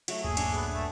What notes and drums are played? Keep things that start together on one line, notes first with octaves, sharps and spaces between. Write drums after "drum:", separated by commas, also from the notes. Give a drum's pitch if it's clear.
F#3 A3, drum: cymbal
D#1 G2 A#3 G#4
D4, drum: cymbal
B3
A3